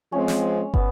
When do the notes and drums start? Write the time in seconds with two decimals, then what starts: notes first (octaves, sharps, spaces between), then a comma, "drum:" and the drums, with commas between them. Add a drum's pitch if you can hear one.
0.12 F3 G#3 C4 C#4
0.28 drum: snare
0.74 B3, drum: kick